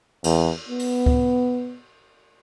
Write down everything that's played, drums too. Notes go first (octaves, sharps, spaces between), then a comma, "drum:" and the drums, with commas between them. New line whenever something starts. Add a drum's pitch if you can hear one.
E2, drum: cymbal
B3
drum: open hi-hat
drum: kick C#2